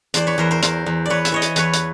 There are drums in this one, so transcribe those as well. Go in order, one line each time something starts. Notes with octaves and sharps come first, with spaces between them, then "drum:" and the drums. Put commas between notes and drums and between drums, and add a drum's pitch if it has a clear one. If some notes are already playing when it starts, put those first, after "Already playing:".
E2 C5 D5, drum: hi-hat
B4 C#5
E2 A#4 C5
A#4 C5
E2 A#4 C5, drum: hi-hat
E2
E2 B4 C#5 D5
E5, drum: hi-hat
E3 C#5 D#5
drum: hi-hat
E2 B4 C#5, drum: hi-hat
drum: hi-hat